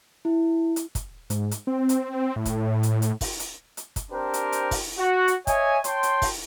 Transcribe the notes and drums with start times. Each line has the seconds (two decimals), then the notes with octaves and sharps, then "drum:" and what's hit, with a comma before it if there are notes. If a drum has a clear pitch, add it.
0.25 E4
0.76 drum: hi-hat
0.95 drum: kick, hi-hat
1.30 G#2, drum: hi-hat
1.51 drum: hi-hat
1.67 C4
1.89 drum: hi-hat
2.36 A2
2.45 drum: kick, hi-hat
2.83 drum: hi-hat
3.02 drum: hi-hat
3.21 drum: kick, open hi-hat
3.40 drum: hi-hat
3.77 drum: hi-hat
3.96 drum: kick, hi-hat
4.10 C4 D4 G4 A#4 C5
4.34 drum: hi-hat
4.52 drum: hi-hat
4.71 drum: kick, open hi-hat
4.98 F#4
5.28 drum: hi-hat
5.47 C#5 D#5 E5 G#5, drum: kick, hi-hat
5.84 C#5 G5 A5 C6, drum: hi-hat
6.03 drum: hi-hat
6.22 drum: kick, open hi-hat